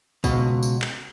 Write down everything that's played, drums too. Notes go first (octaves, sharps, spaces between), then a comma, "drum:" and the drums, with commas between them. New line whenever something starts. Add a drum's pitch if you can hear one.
C#2 B2, drum: kick, tambourine
drum: tambourine
drum: clap